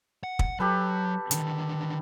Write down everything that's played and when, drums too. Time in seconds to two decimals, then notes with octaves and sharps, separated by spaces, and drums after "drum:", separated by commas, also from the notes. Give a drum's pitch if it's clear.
0.24 F#5
0.39 drum: kick
0.60 F#3 G4 A4 B4
1.31 D3 D#3, drum: hi-hat